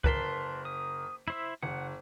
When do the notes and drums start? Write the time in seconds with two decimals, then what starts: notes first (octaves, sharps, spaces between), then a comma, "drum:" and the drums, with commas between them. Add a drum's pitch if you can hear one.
0.04 F#1 A#4 B4 A5 C6 B6, drum: kick
0.65 D#6
1.28 E4 C5 E5
1.63 F#1 F#5